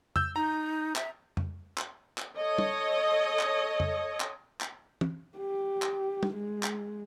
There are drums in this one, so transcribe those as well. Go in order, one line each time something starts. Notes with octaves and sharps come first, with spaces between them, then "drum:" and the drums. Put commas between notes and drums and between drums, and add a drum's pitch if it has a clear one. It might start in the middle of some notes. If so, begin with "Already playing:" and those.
E6 G6, drum: tom F2
D#4 A#5
E5, drum: clap
drum: tom F2
drum: clap
drum: clap
A4 C#5 D#5
drum: tom
drum: clap
drum: tom F2
drum: clap
drum: clap
drum: tom
G4
drum: clap
drum: tom
G#3
drum: clap